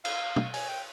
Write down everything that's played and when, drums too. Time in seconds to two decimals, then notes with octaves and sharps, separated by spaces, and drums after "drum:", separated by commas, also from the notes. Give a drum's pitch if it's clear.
0.05 F5, drum: cymbal
0.36 drum: tom
0.54 G#5, drum: open hi-hat
0.69 G5